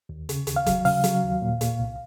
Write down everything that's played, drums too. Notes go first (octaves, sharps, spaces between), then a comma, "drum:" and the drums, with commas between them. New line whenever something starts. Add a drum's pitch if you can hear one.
D#2
C#3, drum: hi-hat
D#2, drum: hi-hat
F5
F#3, drum: kick F1, hi-hat
C#3 F5, drum: open hi-hat
F#3, drum: hi-hat
D#2
A#2
A#2, drum: hi-hat
C2